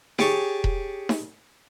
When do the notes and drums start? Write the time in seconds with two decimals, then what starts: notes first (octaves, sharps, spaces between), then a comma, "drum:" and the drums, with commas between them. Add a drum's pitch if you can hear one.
0.19 G4 G#4 C#5 A5 C#6, drum: snare D#4
0.64 drum: kick E1
1.09 drum: snare D#4